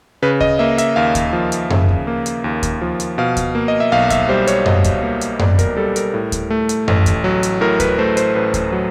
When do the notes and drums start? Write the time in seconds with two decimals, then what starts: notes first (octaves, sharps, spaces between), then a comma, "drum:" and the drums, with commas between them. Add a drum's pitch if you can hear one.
0.22 C#3 B4
0.41 D#5, drum: kick D2
0.59 A#3 E5
0.78 E5, drum: hi-hat
0.96 D#2 F5
1.15 drum: kick D2, hi-hat
1.33 F3
1.52 drum: hi-hat
1.70 C#3 E5, drum: tom F#2
1.89 drum: kick D2
2.07 A#3
2.26 drum: hi-hat
2.44 D#2
2.63 drum: kick D2, hi-hat
2.81 F3
3.00 drum: hi-hat
3.18 B2 F5
3.37 drum: kick D2, hi-hat
3.55 A#3
3.68 D#5
3.80 E5
3.92 B1 F5
4.10 E5, drum: kick D2, hi-hat
4.29 G3 C5
4.47 C#5, drum: hi-hat
4.66 B2 D#5, drum: tom F#2
4.84 drum: kick D2, hi-hat
5.03 A#3
5.21 drum: hi-hat
5.39 B1 D5, drum: tom F#2
5.59 A#4, drum: kick D2, hi-hat
5.76 G3 A4
5.96 A#4, drum: hi-hat
6.14 A2
6.32 drum: kick D2, hi-hat
6.50 A3
6.69 drum: hi-hat
6.88 A1, drum: tom F#2
7.06 drum: kick D2, hi-hat
7.24 F#3
7.43 drum: hi-hat
7.61 A2 A#4
7.80 B4, drum: kick D2, hi-hat
7.98 A3 C5
8.17 C5, drum: hi-hat
8.35 A1 B4
8.54 drum: kick D2, hi-hat
8.72 F#3